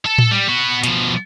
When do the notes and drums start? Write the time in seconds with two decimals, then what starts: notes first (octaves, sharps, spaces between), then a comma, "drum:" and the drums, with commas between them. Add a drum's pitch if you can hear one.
0.05 A4
0.18 drum: tom A2
0.31 G3
0.48 B3 F#4
0.84 B2 F3, drum: hi-hat